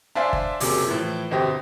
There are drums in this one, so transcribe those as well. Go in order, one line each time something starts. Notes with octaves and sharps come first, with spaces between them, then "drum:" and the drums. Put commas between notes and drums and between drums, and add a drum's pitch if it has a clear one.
D4 C5 E5 F5 G#5 C6
drum: kick
F#1 C3 F#3 G#4 D6, drum: open hi-hat
A2 E3 F3
G1 B2 C4 G4 D#6 A#6